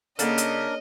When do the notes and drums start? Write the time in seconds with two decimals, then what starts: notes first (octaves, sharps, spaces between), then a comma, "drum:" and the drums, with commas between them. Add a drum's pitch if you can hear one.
0.19 C#3 A#3 C#4 D4 A4 A#4 D#5, drum: hi-hat
0.38 drum: hi-hat